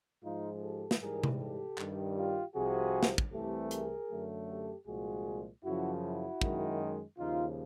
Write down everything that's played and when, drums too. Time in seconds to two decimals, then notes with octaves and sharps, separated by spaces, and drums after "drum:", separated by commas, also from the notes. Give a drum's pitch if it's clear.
0.23 G#2 F3 G#3 D#4 F4
0.62 G4 A4
0.91 drum: snare
1.01 G#2 E3 G3 G#4 A#4
1.24 drum: tom C3
1.39 G4 A4
1.78 G2 D#3 G3, drum: clap
2.16 F4 G4
2.55 C2 C3 F3 F#4 G#4
3.03 drum: snare
3.18 drum: kick
3.32 C2 C3 E3 A3 G4 A4
3.71 G#4 A#4, drum: hi-hat
4.10 F#2 D3 F#3 A3
4.48 G4 A4
4.87 C2 A#2 F3 G#3 F#4 G#4
5.64 F#2 C#3 F3 E4 F#4
6.03 E4 F#4
6.41 F#2 D#3 G#3, drum: kick
7.19 D#2 C#3 F3 D#4 F4